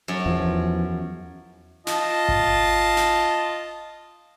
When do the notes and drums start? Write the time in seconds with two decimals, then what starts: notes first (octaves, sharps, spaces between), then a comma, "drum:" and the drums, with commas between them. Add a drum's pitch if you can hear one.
0.08 F#2
0.26 E2 E3 F3
1.87 F4 D#5 A5, drum: snare
2.28 drum: kick G#1
2.97 drum: snare